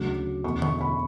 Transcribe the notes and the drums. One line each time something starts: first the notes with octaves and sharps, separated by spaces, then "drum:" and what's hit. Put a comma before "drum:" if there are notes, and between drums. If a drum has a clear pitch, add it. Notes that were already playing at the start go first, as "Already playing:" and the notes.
Already playing: D2 C#3 F#3 C#4 D6
E2 B2 A3 C#4 C#6
C#6, drum: tom D3
B5